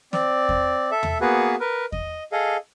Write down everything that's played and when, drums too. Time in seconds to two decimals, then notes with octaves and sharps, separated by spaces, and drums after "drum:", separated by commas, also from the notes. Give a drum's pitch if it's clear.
0.13 C4 D5, drum: snare
0.49 drum: kick E2
0.91 A4 E5
1.03 drum: tom
1.21 A#3 B3 F#4 G#4 B4
1.60 A#4 B4
1.92 D#5, drum: kick E2
2.32 G#4 A4 D#5 F5